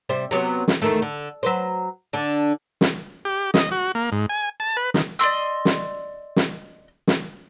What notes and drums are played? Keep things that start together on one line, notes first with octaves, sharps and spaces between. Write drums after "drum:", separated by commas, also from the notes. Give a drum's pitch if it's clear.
C3 G3 C5
C3 F#3 B3
drum: snare
E2 D#3 A3
D3
F#3 B4 C5
D3 D4
drum: snare
G4
D#5, drum: snare
F#4
A#3
G#2
G#5
A5
B4
D#3, drum: snare
D5 D#5 C6 E6
drum: snare
drum: snare
drum: snare